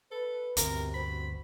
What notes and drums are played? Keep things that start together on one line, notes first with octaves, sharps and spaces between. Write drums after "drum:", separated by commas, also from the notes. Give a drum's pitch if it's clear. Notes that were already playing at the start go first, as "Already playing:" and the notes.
A4 B4
G1 D2 C3 A#4, drum: hi-hat
C4 F#4 C5 B5